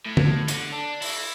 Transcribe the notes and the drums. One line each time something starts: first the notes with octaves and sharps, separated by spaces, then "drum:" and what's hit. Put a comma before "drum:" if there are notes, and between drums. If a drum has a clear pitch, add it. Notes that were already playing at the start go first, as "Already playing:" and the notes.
A2
drum: tom
D3, drum: hi-hat
D4
E4, drum: open hi-hat